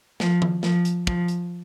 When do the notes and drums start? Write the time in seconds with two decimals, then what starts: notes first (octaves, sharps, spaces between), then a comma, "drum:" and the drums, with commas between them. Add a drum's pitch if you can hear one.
0.20 F3, drum: snare
0.42 drum: tom D#3
0.63 F3, drum: snare
0.85 drum: hi-hat
1.07 F3, drum: kick
1.28 drum: hi-hat